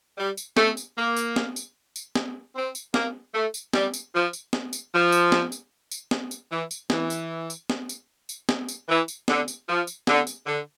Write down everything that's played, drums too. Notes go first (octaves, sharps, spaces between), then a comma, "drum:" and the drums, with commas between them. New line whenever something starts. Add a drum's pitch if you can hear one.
G3
drum: tambourine
A3, drum: snare B3
drum: tambourine
A#3
drum: tambourine
drum: snare B3
drum: tambourine
drum: tambourine
drum: snare B3
C4
drum: tambourine
A#3, drum: snare B3
A3
drum: tambourine
G3, drum: snare B3
drum: tambourine
F3
drum: tambourine
drum: snare B3
drum: tambourine
F3
drum: tambourine
drum: snare B3
drum: tambourine
drum: tambourine
drum: snare B3
drum: tambourine
E3
drum: tambourine
E3, drum: snare B3
drum: tambourine
drum: tambourine
drum: snare B3
drum: tambourine
drum: tambourine
drum: snare B3
drum: tambourine
E3
drum: tambourine
D3, drum: snare B3
drum: tambourine
F3
drum: tambourine
D3, drum: snare B3
drum: tambourine
D3